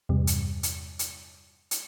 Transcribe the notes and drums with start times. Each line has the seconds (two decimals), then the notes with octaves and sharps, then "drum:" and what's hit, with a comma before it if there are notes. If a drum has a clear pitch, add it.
0.09 E2 G2 C3 G3
0.27 drum: hi-hat
0.63 drum: hi-hat
0.99 drum: hi-hat
1.71 drum: hi-hat